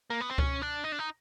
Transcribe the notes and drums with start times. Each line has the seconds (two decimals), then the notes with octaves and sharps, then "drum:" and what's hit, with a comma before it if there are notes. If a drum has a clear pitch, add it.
0.10 A#3
0.21 B3
0.30 C4
0.38 C#4, drum: kick C#2
0.62 D4
0.84 D#4
0.92 D4
0.99 D#4